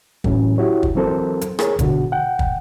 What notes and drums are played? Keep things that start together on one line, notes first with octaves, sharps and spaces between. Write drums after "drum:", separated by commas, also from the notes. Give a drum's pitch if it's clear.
A2 E3 F#3 A3 C#4, drum: kick
E4 F#4 G4 C#5
drum: kick
E3 F#3 C4 A4 A#4 C5
drum: hi-hat
G#4 A#4 C#5, drum: rim click
B2 D3 F#4, drum: kick, hi-hat
F#5 G5
drum: kick